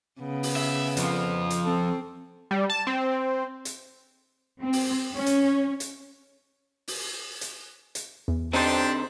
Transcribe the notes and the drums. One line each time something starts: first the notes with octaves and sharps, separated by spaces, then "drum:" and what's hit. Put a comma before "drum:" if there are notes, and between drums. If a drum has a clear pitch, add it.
C#3 B3
drum: open hi-hat
E5
F2 F3, drum: hi-hat
drum: hi-hat
C4 A4
G3
A5
C4
drum: hi-hat
C4
drum: open hi-hat
C#4
drum: hi-hat
drum: hi-hat
drum: open hi-hat
drum: hi-hat
drum: hi-hat
E2
D3 C4 D4 D#4 G4 C5 A5